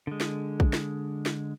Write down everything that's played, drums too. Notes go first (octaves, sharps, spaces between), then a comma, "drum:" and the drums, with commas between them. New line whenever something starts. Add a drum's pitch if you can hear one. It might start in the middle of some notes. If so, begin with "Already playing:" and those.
D3 G#3
drum: snare
drum: kick
drum: snare
drum: snare